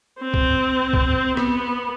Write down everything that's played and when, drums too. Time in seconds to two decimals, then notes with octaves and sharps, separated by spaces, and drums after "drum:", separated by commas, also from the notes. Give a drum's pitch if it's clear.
0.21 C4
0.34 drum: kick B1
0.93 drum: kick B1
1.37 B3, drum: rim click